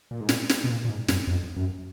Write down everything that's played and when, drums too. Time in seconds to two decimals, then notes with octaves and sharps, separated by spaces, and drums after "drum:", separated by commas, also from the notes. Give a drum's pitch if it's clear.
0.11 A#2
0.21 G#2
0.29 A#2, drum: snare
0.49 drum: snare
0.64 B2
0.70 A#2
0.85 A#2
0.89 G#2
1.08 F#2, drum: snare
1.27 F2
1.56 F#2